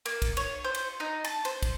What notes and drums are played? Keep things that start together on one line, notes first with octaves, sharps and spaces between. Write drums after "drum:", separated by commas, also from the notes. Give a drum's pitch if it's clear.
A#3, drum: cymbal
drum: kick, cymbal
C#5, drum: cymbal
C5
drum: cymbal
D#4
A5, drum: cymbal
C5, drum: cymbal
drum: kick, cymbal